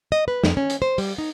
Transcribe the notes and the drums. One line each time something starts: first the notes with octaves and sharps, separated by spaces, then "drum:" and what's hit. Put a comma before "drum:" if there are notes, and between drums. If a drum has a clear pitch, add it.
D#5
B4
F2, drum: snare
C#4
drum: hi-hat
C5
G3, drum: open hi-hat
D#4